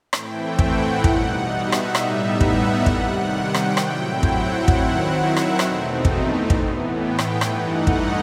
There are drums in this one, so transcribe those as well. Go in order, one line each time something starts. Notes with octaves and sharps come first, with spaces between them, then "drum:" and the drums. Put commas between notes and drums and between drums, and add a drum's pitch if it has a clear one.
A2 E3 A3 C4 E4 G5, drum: rim click
F#5, drum: kick
B2 G3 D#4, drum: kick
E5
drum: rim click
A2 G3 B3 D#4 E5, drum: rim click
F#5, drum: kick
C3 D#3 G3 F#5, drum: kick
G5
drum: rim click
A2 F#3 C4 E4, drum: rim click
F#5, drum: kick
D#3 F#3 C4 E4, drum: kick
E5
drum: rim click
E2 B2 A3 C4 D#4, drum: rim click
drum: kick
A2 E3 B3, drum: kick
G5
drum: rim click
G2 E3 A3 D#4 F#5, drum: rim click
D#5, drum: kick